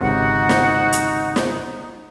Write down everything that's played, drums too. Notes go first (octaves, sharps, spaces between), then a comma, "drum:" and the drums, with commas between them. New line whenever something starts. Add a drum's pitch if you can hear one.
G#1 C#2 C3 D#4 F#4 F#5
drum: snare
drum: hi-hat
drum: snare